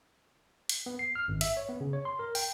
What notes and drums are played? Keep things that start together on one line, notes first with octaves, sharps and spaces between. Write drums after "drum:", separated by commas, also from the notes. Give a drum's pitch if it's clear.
drum: hi-hat
B3
C7
F6
G#1
E5, drum: hi-hat
C#5
B3
C#3
C#5
C6
A#4
G5, drum: open hi-hat